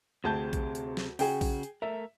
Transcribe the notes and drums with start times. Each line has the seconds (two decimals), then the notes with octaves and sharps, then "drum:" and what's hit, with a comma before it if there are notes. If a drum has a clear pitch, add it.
0.24 D2 C3 G#4 G5 A5 G6
0.53 drum: kick A#1, hi-hat
0.75 drum: hi-hat
0.97 drum: snare
1.19 C#3 F#4 G#4 G5, drum: open hi-hat
1.41 drum: kick A#1, open hi-hat
1.63 drum: hi-hat
1.82 A3 A#4 E5